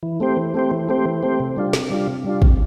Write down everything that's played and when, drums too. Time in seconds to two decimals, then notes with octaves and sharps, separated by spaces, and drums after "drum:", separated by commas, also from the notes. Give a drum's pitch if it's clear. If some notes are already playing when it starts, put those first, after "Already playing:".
0.03 E3
0.20 A3 C4 G4 C5
0.37 E3
0.54 A3 C4 G4 C5
0.71 E3
0.89 A3 C4 G4 C5
1.05 E3
1.23 A3 C4 G4 C5
1.40 C3
1.56 G3 D4 F4
1.73 C3, drum: snare
1.90 G3 D4 F4
2.07 C3
2.25 G3 D4 F4
2.42 C3, drum: kick